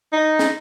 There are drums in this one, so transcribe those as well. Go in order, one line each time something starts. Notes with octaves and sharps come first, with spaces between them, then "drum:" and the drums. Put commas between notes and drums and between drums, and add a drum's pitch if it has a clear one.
D#4
drum: snare